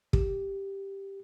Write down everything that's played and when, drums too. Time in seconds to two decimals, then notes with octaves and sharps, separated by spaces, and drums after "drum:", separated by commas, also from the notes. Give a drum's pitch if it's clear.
0.13 G4, drum: kick